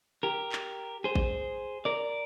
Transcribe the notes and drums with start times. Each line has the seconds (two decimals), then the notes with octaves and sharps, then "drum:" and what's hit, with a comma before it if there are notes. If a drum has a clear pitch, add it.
0.23 G4 A#4
0.52 drum: clap
1.04 G#4 C5
1.15 drum: kick
1.85 A#4 D5